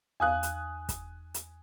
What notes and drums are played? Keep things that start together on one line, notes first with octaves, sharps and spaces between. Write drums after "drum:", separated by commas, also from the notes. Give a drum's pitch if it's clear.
E2 F5 G#5 D#6 F#6
drum: hi-hat
drum: kick, hi-hat
drum: hi-hat